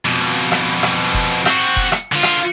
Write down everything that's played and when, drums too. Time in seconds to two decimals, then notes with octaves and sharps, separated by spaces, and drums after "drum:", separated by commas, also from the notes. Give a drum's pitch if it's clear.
0.05 F2 B2
0.52 drum: rim click
0.83 drum: rim click
1.14 drum: kick F1
1.46 C4 F#4, drum: rim click
1.76 drum: kick F1
1.92 drum: rim click
2.12 D3 F4
2.23 drum: rim click